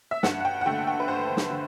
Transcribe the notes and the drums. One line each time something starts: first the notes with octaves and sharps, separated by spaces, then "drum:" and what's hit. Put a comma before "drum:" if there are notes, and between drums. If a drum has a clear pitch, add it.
E5
G2 F#5, drum: snare
F#5
G5
F#5
D3 A3 G5
G5
B4
G2 C5
drum: snare
D3